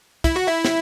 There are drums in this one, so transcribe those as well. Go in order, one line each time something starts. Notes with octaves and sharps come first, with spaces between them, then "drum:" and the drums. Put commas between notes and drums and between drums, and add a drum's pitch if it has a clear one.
E4, drum: kick, hi-hat
F#4
E4
drum: snare